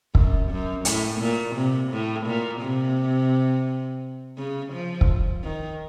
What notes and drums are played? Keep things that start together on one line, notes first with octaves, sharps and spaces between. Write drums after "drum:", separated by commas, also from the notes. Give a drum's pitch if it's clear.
F#2, drum: kick
F#2
A2, drum: hi-hat
A#2
C3
A2
A#2
C3
C#3
F3
drum: kick
D#3